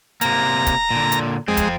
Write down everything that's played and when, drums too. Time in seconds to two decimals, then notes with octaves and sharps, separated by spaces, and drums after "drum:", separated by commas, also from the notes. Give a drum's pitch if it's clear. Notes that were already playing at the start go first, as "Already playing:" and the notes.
0.21 C3 A#3 A#5, drum: hi-hat
0.67 drum: kick, hi-hat
0.91 A#2 D3
1.12 drum: hi-hat
1.48 F2 G#3 C4
1.57 drum: kick, hi-hat